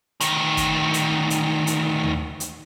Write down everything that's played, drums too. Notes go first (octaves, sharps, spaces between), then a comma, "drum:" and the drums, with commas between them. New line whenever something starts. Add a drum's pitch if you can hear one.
D2 D#3, drum: hi-hat
drum: kick, hi-hat
drum: hi-hat
drum: hi-hat
drum: hi-hat
drum: tom D#2
drum: hi-hat